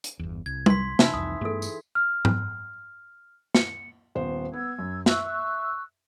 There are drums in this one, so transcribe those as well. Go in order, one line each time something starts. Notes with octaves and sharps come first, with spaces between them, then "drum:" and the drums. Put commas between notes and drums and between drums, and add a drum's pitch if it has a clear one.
drum: hi-hat
G1 E2
C2 G#6
C6 B6, drum: tom G3
C3 E3 C#4 D#4 E5, drum: snare
C2 F2 D#6
G2 A3 B3 G#4 A4
drum: tambourine
F6
drum: tom G#2
C#7, drum: snare
D#1 B3 C5
B3 E6 G#6
F#2
E5 C#6 E6 F#6, drum: snare